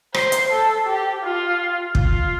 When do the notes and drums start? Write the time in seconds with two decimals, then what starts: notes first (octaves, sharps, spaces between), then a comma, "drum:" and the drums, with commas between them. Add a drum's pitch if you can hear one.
0.14 C5, drum: rim click
0.32 drum: hi-hat
0.51 A4
0.87 G4
1.23 F4
1.95 F4, drum: kick